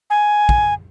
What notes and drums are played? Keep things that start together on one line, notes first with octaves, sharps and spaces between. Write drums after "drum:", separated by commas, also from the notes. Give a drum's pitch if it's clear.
G#5
drum: kick